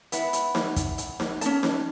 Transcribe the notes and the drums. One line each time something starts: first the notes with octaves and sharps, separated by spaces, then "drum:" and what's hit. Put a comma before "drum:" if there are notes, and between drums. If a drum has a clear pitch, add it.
B3 E4, drum: hi-hat
drum: hi-hat
drum: snare D#4
drum: kick, hi-hat
drum: hi-hat
drum: snare D#4
C#4 A5, drum: hi-hat
drum: snare D#4